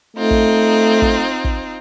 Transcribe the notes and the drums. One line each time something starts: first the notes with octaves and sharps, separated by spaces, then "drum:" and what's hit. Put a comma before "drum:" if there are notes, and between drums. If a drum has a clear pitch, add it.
A3 C4 D#4 F4
drum: kick
drum: kick
drum: kick